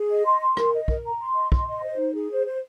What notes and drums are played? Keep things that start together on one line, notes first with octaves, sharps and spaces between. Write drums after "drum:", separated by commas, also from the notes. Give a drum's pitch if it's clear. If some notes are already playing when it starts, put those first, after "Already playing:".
Already playing: G#4
D#5
C6
C6
A#4, drum: rim click
D#5
A#4, drum: kick
A#5
C6
D#5
C6, drum: kick
D#5
C5
D#4
G#4
C5
C5